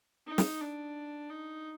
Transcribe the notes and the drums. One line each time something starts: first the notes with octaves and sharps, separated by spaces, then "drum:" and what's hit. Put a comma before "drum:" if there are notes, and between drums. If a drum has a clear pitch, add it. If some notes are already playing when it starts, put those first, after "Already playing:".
D#4
drum: snare
D4
D#4